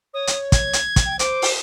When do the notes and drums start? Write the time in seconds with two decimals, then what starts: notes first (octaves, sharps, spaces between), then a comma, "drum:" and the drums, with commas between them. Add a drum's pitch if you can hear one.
0.14 C#5 D#6
0.27 drum: hi-hat
0.52 G#6, drum: kick, hi-hat
0.73 drum: hi-hat
0.96 drum: kick, hi-hat
1.06 G5
1.19 C5 D6, drum: hi-hat
1.42 drum: open hi-hat